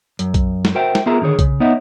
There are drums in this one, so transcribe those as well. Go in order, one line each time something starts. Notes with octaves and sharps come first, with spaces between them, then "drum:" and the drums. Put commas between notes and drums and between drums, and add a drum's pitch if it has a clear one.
F#2, drum: hi-hat
drum: kick B1, hi-hat
drum: snare
F#4 A#4 C5 E5 G5
drum: snare
B3 F4 G#4 A#4 E5 A#5
D3 D#3 G#4 C#5
C#3, drum: kick B1, hi-hat
B3 D#4 C#5 D#5 E5